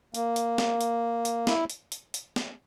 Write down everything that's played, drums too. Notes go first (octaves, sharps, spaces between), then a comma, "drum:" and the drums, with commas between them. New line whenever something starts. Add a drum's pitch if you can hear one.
A#3, drum: hi-hat
drum: hi-hat
drum: snare
drum: hi-hat
drum: hi-hat
E4, drum: snare
drum: hi-hat
drum: hi-hat
drum: hi-hat
drum: snare